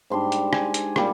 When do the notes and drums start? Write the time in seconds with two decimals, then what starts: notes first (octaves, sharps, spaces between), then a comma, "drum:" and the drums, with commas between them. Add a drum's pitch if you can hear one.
0.10 G#2 G3 D4 C6
0.32 drum: hi-hat
0.53 G#5, drum: rim click
0.74 drum: hi-hat
0.96 A#2 G3, drum: rim click